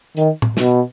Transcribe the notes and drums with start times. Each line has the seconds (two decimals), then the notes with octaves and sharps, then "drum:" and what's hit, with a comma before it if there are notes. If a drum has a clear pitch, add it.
0.17 D#3, drum: hi-hat
0.42 drum: tom A2
0.57 B2, drum: snare